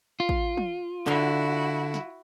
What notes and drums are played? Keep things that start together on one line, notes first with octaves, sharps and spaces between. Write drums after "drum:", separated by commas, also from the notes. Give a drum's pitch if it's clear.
F4
drum: kick
drum: tom
D3 E4 F#4, drum: clap
drum: snare